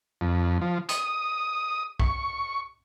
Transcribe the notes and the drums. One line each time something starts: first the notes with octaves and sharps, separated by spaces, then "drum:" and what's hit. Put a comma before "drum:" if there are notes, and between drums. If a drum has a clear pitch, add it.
F2
F3
D#6, drum: hi-hat
C#6, drum: kick B1